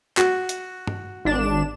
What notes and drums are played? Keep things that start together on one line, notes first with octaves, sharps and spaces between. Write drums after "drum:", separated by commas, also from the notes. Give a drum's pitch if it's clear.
F#4, drum: clap
drum: hi-hat
drum: tom
G#1 D4 E7